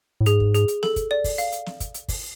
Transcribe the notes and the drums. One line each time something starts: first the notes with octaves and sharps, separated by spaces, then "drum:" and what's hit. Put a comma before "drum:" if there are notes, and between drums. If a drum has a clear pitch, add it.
A2
G#2 G#4, drum: hi-hat
drum: kick
G#4, drum: hi-hat
drum: hi-hat
A4, drum: snare
drum: kick, hi-hat
D5
drum: kick, open hi-hat
F5, drum: hi-hat
drum: hi-hat
drum: snare
drum: kick, hi-hat
drum: hi-hat
drum: kick, open hi-hat